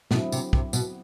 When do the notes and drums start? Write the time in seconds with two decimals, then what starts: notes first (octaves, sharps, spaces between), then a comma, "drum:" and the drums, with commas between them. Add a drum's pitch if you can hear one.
0.11 B2 D3 F#3 C4 E4, drum: snare
0.32 C3, drum: tambourine
0.53 C3, drum: kick B1
0.73 B2, drum: tambourine